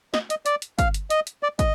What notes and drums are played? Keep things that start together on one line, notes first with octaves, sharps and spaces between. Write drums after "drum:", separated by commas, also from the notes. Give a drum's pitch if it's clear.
D#5, drum: snare
D#5, drum: hi-hat
D5, drum: hi-hat
drum: hi-hat
F5, drum: kick, hi-hat
drum: hi-hat
D#5, drum: hi-hat
drum: hi-hat
D5
D#5, drum: kick, hi-hat